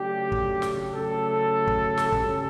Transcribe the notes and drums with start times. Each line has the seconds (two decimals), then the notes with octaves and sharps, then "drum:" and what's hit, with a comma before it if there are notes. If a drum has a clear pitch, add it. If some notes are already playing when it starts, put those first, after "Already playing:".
Already playing: C#3 F#3 A3 D4 G4
0.32 drum: kick
0.62 drum: snare
0.92 C#3 F#3 A3 A4
1.67 drum: kick
1.98 drum: snare
2.12 C#3 G3 C#4, drum: kick